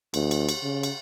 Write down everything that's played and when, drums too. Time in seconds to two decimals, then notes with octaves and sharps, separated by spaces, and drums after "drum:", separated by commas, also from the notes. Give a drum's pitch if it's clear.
0.14 D2, drum: cymbal
0.31 drum: cymbal
0.49 drum: cymbal
0.63 C#3
0.83 drum: cymbal